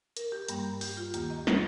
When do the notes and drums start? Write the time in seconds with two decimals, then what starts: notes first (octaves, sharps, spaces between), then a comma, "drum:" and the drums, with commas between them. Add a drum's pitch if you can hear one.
0.17 A#4, drum: hi-hat
0.32 G4
0.49 G2 G3 A#3, drum: hi-hat
0.81 G4, drum: open hi-hat
0.97 F4
1.14 D#2 D#3 A#3 G4, drum: hi-hat
1.30 D#5
1.47 D#5, drum: snare